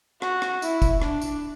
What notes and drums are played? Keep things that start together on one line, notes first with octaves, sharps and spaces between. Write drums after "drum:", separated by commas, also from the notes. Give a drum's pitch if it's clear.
F#4, drum: rim click
drum: rim click
E4, drum: tambourine
drum: kick, tambourine
D4, drum: rim click
drum: tambourine